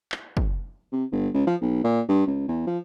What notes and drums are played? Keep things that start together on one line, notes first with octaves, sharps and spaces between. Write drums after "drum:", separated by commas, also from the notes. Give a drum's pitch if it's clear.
drum: clap
drum: kick
C3
G1
C#2
F3
B1
A#2
G2
C#2
E2
F3